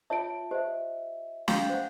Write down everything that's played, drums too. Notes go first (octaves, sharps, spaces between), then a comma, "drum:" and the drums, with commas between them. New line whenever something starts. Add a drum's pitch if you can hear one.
F4 C#5 E5 A5 D7
G4 C5 D#5 E5
F5 G5 G6, drum: snare
C5 F#5